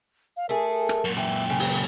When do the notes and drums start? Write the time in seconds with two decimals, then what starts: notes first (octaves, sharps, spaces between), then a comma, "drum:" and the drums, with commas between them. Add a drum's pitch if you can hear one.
0.37 F5
0.49 A3 G#4 A#4
0.89 drum: rim click
1.05 F#2 A#2
1.17 E3 G5
1.50 C#3
1.59 drum: open hi-hat